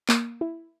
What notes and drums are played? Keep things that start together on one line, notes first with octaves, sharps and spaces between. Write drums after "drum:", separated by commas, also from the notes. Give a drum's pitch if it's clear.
A#3, drum: clap
E4